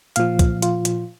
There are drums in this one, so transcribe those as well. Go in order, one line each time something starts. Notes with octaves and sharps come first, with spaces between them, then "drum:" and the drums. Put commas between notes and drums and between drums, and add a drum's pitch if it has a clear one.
A#2 F3 F5, drum: hi-hat
drum: kick, hi-hat
F4, drum: hi-hat
drum: hi-hat